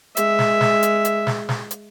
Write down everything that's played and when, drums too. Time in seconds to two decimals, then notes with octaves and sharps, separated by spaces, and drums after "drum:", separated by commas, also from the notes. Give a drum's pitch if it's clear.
0.17 G#3 E5, drum: hi-hat
0.39 drum: snare
0.61 drum: snare
0.83 drum: hi-hat
1.05 drum: hi-hat
1.27 drum: snare
1.49 drum: snare
1.71 drum: hi-hat